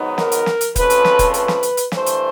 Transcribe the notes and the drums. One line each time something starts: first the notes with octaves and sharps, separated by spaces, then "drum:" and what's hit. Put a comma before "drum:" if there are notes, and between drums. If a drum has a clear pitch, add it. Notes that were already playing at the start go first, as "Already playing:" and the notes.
Already playing: G#2 D#3 F#3 B3 D#4
A#4, drum: snare
drum: hi-hat
drum: snare
drum: hi-hat
F2 C#3 F3 A3 B4, drum: kick, hi-hat
drum: hi-hat
drum: snare
drum: kick, hi-hat
B4, drum: hi-hat
drum: snare
drum: hi-hat
drum: hi-hat
G2 E3 A3 C5, drum: snare
drum: hi-hat